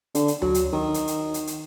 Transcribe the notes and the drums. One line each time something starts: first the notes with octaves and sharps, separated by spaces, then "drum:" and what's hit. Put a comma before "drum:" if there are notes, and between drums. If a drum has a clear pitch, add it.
D3, drum: hi-hat
drum: hi-hat
F#3, drum: tom D2
drum: hi-hat
D#3
drum: hi-hat
drum: hi-hat
drum: hi-hat
drum: hi-hat